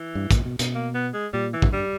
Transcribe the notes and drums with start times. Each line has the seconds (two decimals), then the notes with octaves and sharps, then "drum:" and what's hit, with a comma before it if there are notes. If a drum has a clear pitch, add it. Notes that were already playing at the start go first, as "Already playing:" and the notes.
Already playing: E3
0.15 G2
0.31 A#2, drum: kick, hi-hat
0.45 B2
0.59 B2, drum: hi-hat
0.75 A#3
0.94 B3
1.13 G#3
1.33 A#2 G3
1.53 E3
1.62 G2, drum: kick
1.72 G3